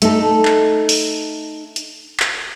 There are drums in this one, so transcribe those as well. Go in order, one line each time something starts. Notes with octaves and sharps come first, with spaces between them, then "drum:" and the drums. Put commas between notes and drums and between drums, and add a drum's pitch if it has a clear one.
A3 D#4 A4, drum: hi-hat
drum: clap
drum: open hi-hat
drum: hi-hat
drum: clap